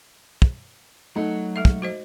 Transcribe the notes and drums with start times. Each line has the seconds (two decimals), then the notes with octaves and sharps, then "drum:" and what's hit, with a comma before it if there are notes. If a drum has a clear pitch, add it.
0.42 drum: kick
1.16 F#3 A3 D#4 F#5
1.56 G#3 A4 E5
1.65 drum: kick
1.82 F#4 C5 D#5